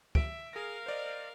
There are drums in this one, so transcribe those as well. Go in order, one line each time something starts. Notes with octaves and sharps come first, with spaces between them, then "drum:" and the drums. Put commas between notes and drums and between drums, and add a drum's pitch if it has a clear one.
E5 D7, drum: kick
G#4 A#4 F5 A#6
C5 D5 D#5